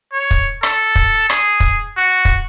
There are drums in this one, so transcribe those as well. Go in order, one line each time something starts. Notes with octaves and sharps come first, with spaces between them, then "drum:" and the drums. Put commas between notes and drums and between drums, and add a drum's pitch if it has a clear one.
C#5
drum: kick
A4, drum: rim click
drum: kick
G#4, drum: rim click
drum: kick
F#4
drum: kick